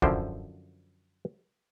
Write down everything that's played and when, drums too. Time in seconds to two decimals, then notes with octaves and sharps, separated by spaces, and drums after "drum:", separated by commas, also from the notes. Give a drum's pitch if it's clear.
0.02 F#2 D3 F3 E4 C5 G5, drum: kick